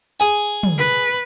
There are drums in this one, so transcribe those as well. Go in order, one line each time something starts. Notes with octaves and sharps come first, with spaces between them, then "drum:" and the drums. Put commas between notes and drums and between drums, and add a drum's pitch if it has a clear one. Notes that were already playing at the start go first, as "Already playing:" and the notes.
G#4 G#5
drum: tom
B4